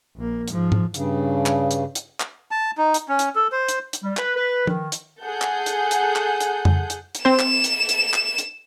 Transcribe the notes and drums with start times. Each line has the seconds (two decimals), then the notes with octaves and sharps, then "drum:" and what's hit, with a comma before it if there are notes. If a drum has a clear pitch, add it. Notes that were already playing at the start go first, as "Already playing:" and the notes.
0.16 A#1 A#3
0.48 G#2 F3, drum: hi-hat
0.72 drum: tom G#2
0.94 G2 C#3, drum: hi-hat
1.46 drum: clap
1.71 drum: hi-hat
1.95 drum: hi-hat
2.20 drum: clap
2.51 A5
2.78 D#4
2.94 drum: hi-hat
3.09 C#4
3.19 drum: hi-hat
3.35 A4
3.52 C5
3.68 drum: hi-hat
3.93 drum: hi-hat
4.03 G3
4.17 B4, drum: clap
4.35 B4
4.67 D#3, drum: tom
4.92 drum: hi-hat
5.23 G#4 A4 F#5 G6
5.42 drum: clap
5.66 drum: hi-hat
5.91 drum: hi-hat
6.16 drum: clap
6.40 drum: hi-hat
6.65 drum: tom F2
6.90 drum: hi-hat
7.15 drum: hi-hat
7.25 C4 C5 E7
7.39 drum: clap
7.64 drum: hi-hat
7.89 drum: hi-hat
8.14 drum: clap
8.38 drum: hi-hat